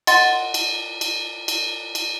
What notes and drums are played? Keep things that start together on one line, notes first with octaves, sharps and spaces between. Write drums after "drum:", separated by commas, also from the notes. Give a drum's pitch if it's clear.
D#5 F#5 C6 A6, drum: cymbal
drum: cymbal
drum: cymbal
drum: cymbal
drum: cymbal